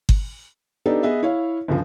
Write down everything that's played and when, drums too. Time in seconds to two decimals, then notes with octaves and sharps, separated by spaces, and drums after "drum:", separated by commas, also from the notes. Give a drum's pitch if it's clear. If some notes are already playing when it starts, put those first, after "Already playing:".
0.09 drum: kick G1
0.86 B3 D4 D#4 G4 A4
1.03 B3 G#4 B4 D#5 E5
1.23 E4 C#5 F5
1.68 G1 C#2 F3